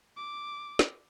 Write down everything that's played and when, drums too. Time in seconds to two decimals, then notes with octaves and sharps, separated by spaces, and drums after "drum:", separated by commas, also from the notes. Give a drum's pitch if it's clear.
0.16 D6
0.79 drum: snare